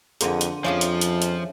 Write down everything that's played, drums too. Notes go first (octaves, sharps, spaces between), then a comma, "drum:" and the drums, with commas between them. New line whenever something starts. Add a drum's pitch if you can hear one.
F2 D3 A#3 G#4 C6 D#7, drum: hi-hat
drum: hi-hat
F2 F3 C#4 D4 G#4 C#5 E5 F5
drum: hi-hat
drum: hi-hat
drum: hi-hat